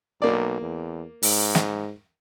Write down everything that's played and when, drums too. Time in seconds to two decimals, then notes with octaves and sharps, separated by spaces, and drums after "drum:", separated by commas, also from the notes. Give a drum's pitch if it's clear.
0.22 B1 A#3 D5
0.61 E2
1.23 G#2, drum: open hi-hat
1.55 drum: snare